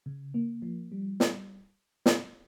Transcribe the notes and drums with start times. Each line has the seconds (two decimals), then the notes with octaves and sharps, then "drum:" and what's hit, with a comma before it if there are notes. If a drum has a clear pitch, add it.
0.06 C#3
0.34 A#3
0.62 F3
0.92 G3
1.20 drum: snare
2.06 drum: snare